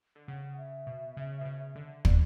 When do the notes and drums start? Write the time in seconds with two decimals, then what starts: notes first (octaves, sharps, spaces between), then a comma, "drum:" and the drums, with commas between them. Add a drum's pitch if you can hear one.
0.15 D3
0.27 C#3 F#5
0.58 E5
0.87 B2
1.17 C#3
1.41 B2
1.45 C#3
1.75 D3
2.05 D3 D5, drum: kick